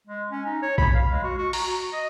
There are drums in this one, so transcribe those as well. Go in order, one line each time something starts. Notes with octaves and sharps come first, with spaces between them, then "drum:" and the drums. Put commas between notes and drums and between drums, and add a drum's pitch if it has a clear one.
G#3
C#4
D#4
C#5
B5, drum: kick A#1
F5
G#3
F#4
F#4
A#5, drum: open hi-hat
F#4
D#5